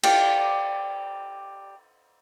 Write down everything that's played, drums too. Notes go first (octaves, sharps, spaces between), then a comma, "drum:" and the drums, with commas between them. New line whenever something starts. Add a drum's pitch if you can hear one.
G4 D5 F5, drum: cymbal